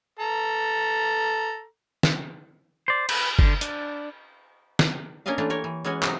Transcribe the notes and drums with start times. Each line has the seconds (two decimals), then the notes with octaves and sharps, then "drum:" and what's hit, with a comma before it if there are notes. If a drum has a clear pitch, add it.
0.19 A4 A#5
2.03 drum: snare
2.88 C5 D5
3.09 B4, drum: cymbal
3.39 D3, drum: kick
3.61 D4, drum: hi-hat
4.79 drum: snare
5.26 A#3 C#4 D4 A#4 D#5 F5
5.38 E3 A3 A#3 D4 F4
5.50 G4 A#4 C#5
5.64 E3
5.84 E3 G#3 C#4 F#4 G#5
6.03 C3 F#3 D#4, drum: clap